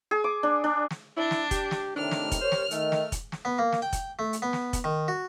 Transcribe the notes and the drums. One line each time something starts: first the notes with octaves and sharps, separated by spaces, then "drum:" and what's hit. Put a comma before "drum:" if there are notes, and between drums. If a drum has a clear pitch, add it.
G#4
D6
D4
D4
drum: snare
D4 E4
drum: snare
G4, drum: kick F1, hi-hat
drum: snare
A2 C3 D#3 D4 F6
drum: snare
drum: kick F1, hi-hat
G4 A#4 C5 C#5
drum: snare
D#3 A3, drum: hi-hat
drum: snare
drum: kick F1, hi-hat
drum: snare
B3
A#3
drum: snare
G5
drum: kick F1, hi-hat
A3
drum: hi-hat
B3
drum: snare
drum: kick F1, hi-hat
D#3
F#4